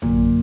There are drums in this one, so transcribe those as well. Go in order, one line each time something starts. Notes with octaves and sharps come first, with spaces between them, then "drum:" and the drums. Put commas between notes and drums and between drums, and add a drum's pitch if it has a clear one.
F#2 A#2 D3 F#3 A#3, drum: tom A1